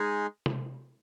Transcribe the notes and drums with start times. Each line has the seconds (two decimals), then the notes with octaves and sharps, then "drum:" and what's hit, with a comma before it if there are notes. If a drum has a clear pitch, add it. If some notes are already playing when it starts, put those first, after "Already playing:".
Already playing: G#3 D#4 G#4
0.46 drum: tom C3